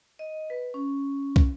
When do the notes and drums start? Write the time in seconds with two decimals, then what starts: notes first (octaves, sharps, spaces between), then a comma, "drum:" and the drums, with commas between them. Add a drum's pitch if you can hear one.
0.19 D#5
0.50 B4
0.74 C#4
1.36 drum: kick